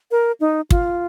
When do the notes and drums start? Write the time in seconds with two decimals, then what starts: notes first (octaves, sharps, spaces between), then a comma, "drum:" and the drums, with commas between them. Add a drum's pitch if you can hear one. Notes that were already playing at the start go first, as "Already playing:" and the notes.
0.11 A#4
0.40 D#4
0.71 F4, drum: kick